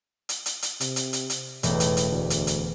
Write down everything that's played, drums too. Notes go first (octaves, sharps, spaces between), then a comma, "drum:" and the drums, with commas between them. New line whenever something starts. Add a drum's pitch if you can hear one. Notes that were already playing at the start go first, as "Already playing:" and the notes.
drum: hi-hat
drum: hi-hat
drum: hi-hat
C3, drum: hi-hat
drum: hi-hat
drum: hi-hat
drum: hi-hat
E1 A2, drum: hi-hat
drum: hi-hat
drum: hi-hat
D2
drum: hi-hat
drum: hi-hat